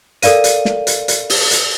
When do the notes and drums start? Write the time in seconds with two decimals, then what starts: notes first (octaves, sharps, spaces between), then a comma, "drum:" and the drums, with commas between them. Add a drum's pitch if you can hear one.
0.22 A4 A#4 D5 F5 D#7, drum: hi-hat
0.44 drum: hi-hat
0.65 drum: snare
0.87 drum: hi-hat
1.08 drum: hi-hat
1.30 drum: open hi-hat
1.51 drum: hi-hat